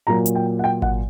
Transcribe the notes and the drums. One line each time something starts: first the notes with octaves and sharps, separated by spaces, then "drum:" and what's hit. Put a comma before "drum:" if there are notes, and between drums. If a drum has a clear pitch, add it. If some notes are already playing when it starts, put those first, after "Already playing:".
A#2 F#3 A#3 A#5
drum: hi-hat
G5
F#5
G5
F#5, drum: kick G#1